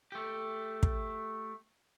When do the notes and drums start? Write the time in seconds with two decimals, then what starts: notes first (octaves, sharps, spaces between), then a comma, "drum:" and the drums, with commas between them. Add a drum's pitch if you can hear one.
0.12 A3 G4
0.83 drum: kick